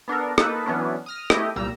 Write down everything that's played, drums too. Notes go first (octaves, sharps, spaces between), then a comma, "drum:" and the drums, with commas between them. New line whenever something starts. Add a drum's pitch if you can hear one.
B3 D4 A4 A#4
A#3 D#4 A4 B4, drum: rim click
E3 F#3 B3 C#4 D4
D#6 F6 A#6
A3 E4 G4 D#5, drum: rim click
C2 A#2 G3 A#5 E6